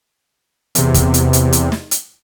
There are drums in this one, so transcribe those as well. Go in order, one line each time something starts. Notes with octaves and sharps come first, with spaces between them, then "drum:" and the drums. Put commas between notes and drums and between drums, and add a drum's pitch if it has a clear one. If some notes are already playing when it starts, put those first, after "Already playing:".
E2 C3, drum: hi-hat
drum: kick, hi-hat
drum: hi-hat
drum: hi-hat
drum: hi-hat
drum: snare
drum: hi-hat